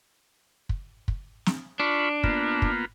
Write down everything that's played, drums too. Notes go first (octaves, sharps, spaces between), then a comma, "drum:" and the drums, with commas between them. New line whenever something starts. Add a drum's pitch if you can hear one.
drum: kick
drum: kick
drum: snare
D4 F4 B5 C#6
A#3 B3 F4, drum: kick
drum: kick